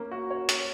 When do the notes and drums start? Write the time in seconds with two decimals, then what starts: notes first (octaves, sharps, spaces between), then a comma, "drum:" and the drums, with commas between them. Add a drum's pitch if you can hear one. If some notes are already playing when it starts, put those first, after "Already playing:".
Already playing: A#3 C#4
0.11 F#4
0.30 C#5
0.49 C#4, drum: hi-hat